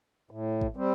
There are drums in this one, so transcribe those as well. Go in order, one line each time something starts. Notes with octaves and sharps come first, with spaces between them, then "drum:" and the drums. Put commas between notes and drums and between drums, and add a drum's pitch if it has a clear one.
A2
drum: kick
G3 C4